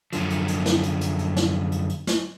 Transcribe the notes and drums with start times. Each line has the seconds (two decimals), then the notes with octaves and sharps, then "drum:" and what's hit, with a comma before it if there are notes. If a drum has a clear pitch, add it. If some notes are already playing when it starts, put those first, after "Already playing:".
0.13 F#2 D3 F3, drum: hi-hat
0.30 drum: hi-hat
0.48 drum: hi-hat
0.66 drum: snare
0.83 drum: hi-hat
1.01 drum: hi-hat
1.19 drum: hi-hat
1.36 drum: snare
1.72 drum: hi-hat
1.90 drum: hi-hat
2.07 drum: snare